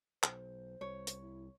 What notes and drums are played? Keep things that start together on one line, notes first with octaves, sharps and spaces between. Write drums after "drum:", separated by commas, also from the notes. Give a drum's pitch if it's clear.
B1 C5, drum: clap
C2 C#5
drum: hi-hat
E4